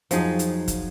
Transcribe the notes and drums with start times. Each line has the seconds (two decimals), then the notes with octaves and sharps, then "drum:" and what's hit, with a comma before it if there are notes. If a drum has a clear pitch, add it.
0.11 F2 F3 F#3 D#4 G#4, drum: hi-hat
0.39 drum: hi-hat
0.68 drum: kick, hi-hat